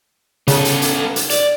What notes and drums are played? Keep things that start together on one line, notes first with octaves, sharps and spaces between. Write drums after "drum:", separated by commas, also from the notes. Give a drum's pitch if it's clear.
C#3 B3 A4, drum: hi-hat
drum: hi-hat
drum: hi-hat
drum: hi-hat
D5, drum: hi-hat